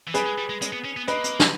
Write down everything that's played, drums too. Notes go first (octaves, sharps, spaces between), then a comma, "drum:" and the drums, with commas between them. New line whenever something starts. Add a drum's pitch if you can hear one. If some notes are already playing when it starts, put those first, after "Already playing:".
E3
G3 G#4 B4, drum: hi-hat
G#3
G3
G#3
G#3, drum: hi-hat
B3
C#4
B3
A#3 B4 D#5, drum: hi-hat
drum: hi-hat
drum: snare